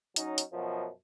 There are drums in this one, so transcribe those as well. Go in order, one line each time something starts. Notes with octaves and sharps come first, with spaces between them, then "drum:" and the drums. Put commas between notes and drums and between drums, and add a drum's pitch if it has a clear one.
F#3 C#4 D#4, drum: hi-hat
drum: hi-hat
F#2 B2 F3